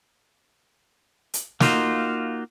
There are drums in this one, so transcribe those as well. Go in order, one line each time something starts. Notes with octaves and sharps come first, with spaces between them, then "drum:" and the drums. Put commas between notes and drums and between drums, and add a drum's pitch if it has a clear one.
drum: hi-hat
A#3 D#4 F4 F#4, drum: snare